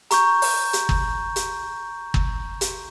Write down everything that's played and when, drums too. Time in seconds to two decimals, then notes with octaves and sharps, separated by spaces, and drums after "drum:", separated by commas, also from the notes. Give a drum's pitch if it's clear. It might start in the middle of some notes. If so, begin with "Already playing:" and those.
0.11 A#5 C#6 G6, drum: hi-hat
0.42 drum: open hi-hat
0.73 drum: hi-hat
0.89 drum: kick
1.36 drum: hi-hat
2.14 drum: kick
2.61 drum: hi-hat